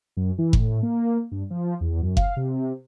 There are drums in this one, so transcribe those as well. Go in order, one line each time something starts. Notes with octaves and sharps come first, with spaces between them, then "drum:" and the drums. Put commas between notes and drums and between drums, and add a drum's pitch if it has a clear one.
F#2
E3
A2, drum: kick F#1
A#3
G2
F3
E2
F#2
F5, drum: kick F#1
C3